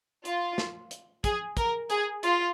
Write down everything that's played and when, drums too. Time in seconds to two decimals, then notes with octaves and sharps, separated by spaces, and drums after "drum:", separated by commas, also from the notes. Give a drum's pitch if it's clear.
0.25 F4, drum: hi-hat
0.58 drum: snare
0.91 drum: hi-hat
1.24 G#4, drum: kick, hi-hat
1.57 A#4, drum: kick, hi-hat
1.90 G#4, drum: hi-hat
2.23 F4, drum: hi-hat